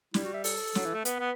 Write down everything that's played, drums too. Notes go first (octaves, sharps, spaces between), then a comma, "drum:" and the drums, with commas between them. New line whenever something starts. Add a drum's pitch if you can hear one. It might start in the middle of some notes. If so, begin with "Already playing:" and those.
G3 E4, drum: snare
F#4
E5
A4, drum: open hi-hat
F#3, drum: snare
E3
A3
B3 B4, drum: hi-hat
B3